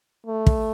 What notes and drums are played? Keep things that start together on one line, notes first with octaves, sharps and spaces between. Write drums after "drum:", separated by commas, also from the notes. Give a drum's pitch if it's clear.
A3
drum: kick